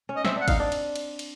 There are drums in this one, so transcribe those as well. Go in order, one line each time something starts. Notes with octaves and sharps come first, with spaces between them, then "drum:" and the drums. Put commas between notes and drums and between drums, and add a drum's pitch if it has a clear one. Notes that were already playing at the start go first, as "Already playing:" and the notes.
C#4
D#5
C4 E5, drum: snare
D4
F#5
D#4 F5, drum: kick G#1, cymbal
D4
drum: cymbal
drum: cymbal
drum: cymbal